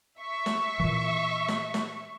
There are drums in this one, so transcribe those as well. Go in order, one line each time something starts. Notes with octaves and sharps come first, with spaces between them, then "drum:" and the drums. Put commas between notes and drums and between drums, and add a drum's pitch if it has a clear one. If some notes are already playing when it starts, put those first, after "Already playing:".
E5 C#6
drum: snare
A#2 E3
drum: snare
drum: snare